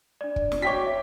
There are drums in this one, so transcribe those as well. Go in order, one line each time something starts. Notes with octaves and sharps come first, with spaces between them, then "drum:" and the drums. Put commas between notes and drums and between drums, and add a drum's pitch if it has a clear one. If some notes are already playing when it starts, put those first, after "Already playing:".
D4 D5
drum: kick
drum: snare
F#4 C#5 G5 D6 B6
E5